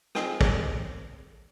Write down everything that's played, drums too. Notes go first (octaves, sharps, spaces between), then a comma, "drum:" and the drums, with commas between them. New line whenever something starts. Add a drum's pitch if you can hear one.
C4 F4 G#4 D#5, drum: rim click
drum: kick